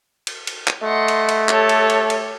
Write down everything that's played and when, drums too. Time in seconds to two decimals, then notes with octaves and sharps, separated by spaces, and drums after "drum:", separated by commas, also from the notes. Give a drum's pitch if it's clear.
0.27 drum: cymbal
0.47 drum: cymbal
0.67 drum: clap
0.83 A3 D#5 F#5 C6
1.08 drum: cymbal
1.28 drum: cymbal
1.49 G4 A4 C#5, drum: clap
1.69 drum: cymbal
1.89 drum: cymbal
2.10 drum: cymbal